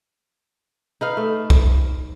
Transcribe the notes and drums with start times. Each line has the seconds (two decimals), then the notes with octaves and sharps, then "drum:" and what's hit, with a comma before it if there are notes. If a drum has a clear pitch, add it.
1.01 D#4 B4 F5
1.17 A3
1.50 drum: kick C2